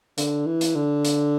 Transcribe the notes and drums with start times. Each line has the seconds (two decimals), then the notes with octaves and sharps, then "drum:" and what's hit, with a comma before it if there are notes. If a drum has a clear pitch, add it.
0.17 D3, drum: hi-hat
0.46 E3
0.61 drum: hi-hat
0.75 D3
1.04 drum: hi-hat